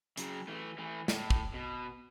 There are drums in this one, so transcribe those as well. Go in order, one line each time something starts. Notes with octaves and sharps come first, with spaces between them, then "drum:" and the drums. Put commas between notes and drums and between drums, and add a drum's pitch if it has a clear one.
C#3 F#3, drum: hi-hat
E3 A3
E3 A3
A2, drum: snare
drum: kick
B2